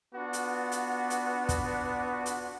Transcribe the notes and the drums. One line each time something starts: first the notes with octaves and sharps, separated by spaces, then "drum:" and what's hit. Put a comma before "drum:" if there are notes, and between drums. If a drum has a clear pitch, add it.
B3 D4 F4 F#4
drum: hi-hat
drum: hi-hat
drum: hi-hat
drum: kick, hi-hat
drum: hi-hat